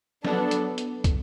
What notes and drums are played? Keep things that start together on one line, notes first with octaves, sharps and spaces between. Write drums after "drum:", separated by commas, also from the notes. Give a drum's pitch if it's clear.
F#3 B3 D4 A4, drum: snare
drum: hi-hat
drum: hi-hat
drum: kick, hi-hat